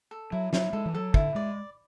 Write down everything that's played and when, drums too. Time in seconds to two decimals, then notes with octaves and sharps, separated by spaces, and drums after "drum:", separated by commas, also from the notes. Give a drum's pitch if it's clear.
0.11 A4
0.32 F#3 E4
0.53 F#3 E4, drum: snare
0.73 G#3 A4
0.86 E3
0.94 F#3 A4
1.14 D3 E4, drum: kick
1.35 G#3 D5